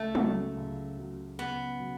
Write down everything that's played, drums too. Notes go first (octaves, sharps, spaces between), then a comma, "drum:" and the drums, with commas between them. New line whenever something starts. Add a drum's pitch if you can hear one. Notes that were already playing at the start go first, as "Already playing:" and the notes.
Already playing: C#2 A3
C#3 F#3, drum: tom
C#2
C#3 F#3
C#2 B3
C#3 F#3